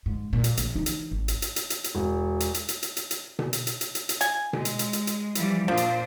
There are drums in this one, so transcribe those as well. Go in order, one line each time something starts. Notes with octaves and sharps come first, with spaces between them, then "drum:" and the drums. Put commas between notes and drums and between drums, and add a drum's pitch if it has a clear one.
G#2
A#2
drum: hi-hat
A#1, drum: hi-hat
E3 D#4
drum: hi-hat
G#1
drum: hi-hat
drum: hi-hat
drum: hi-hat
drum: hi-hat
drum: hi-hat
E1
drum: hi-hat
drum: hi-hat
drum: hi-hat
drum: hi-hat
drum: hi-hat
drum: hi-hat
drum: tom B2
drum: hi-hat
drum: hi-hat
drum: hi-hat
drum: hi-hat
drum: hi-hat
G#5, drum: hi-hat
G#3, drum: tom B2
drum: hi-hat
drum: hi-hat
drum: hi-hat
drum: hi-hat
E3 F3 G3, drum: hi-hat
A#2 F3 D4 C5
drum: hi-hat